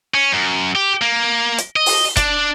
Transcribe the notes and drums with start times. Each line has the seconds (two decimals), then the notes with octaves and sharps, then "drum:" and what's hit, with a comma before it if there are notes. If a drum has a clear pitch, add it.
0.14 C#4
0.33 F#2
0.75 G4
1.02 A#3
1.58 drum: hi-hat
1.76 D#5
1.86 drum: open hi-hat
2.17 D4, drum: kick, hi-hat